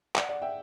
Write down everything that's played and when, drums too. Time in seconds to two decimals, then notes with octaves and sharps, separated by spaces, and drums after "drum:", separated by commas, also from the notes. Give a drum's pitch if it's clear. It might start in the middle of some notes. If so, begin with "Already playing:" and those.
0.15 D5 F#5, drum: clap
0.29 D5 F#5
0.42 E5 G5